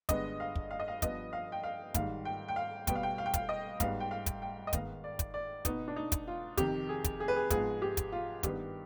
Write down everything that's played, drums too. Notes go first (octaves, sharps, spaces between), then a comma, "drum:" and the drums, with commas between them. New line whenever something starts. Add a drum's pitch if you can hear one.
G2 D3 G#3 B3 D#5, drum: kick, hi-hat
F5
drum: kick
F5
D#5
F5
G2 F3 B3 D#5, drum: kick, hi-hat
F5
G5
F5
G#2 D#3 G3 F5, drum: kick, hi-hat
G5
G5
F5
B2 G3 B3 G5, drum: kick, hi-hat
F5
G5
F5
G5
F5, drum: kick, hi-hat
D#5
G#2 G3 B3 F5, drum: kick, hi-hat
G5
F5
drum: kick, hi-hat
G5
D#5
G#2 D#3 B3 F5, drum: kick, hi-hat
D5
drum: kick, hi-hat
D5
B2 B3 D#4, drum: kick, hi-hat
D4
D#4
drum: kick, hi-hat
F4
F2 C3 D#3 G4, drum: kick, hi-hat
G#4
drum: kick, hi-hat
G#4
B4
G#4
G#2 F3 G#3 B3 G#4, drum: kick, hi-hat
G4
drum: kick, hi-hat
F4
G2 D#3 B3 G4, drum: kick, hi-hat